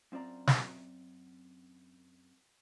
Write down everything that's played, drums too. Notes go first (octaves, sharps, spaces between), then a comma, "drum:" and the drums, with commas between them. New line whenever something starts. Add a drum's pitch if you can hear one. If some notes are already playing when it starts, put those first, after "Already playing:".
F#2 C4 F4 D5 A#5
drum: snare